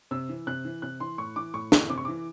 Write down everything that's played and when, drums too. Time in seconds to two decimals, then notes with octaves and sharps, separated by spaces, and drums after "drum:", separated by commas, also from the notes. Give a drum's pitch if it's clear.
0.11 C3 E6
0.29 E3
0.47 C3 F#6
0.65 E3
0.82 C3 F#6
1.00 E3 C6
1.18 A2 C#6
1.36 E3 D6
1.54 A2 C#6
1.72 E3, drum: snare
1.89 C3 D6
1.98 C#6
2.05 E3 D6